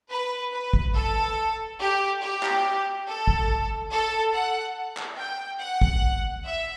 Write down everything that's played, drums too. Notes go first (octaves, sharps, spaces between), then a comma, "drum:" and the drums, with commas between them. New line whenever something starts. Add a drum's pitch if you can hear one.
B4
B4
drum: kick
A4
G4
G4
drum: clap
A4
drum: kick
A4
F#5
drum: clap
G5
F#5
drum: kick
E5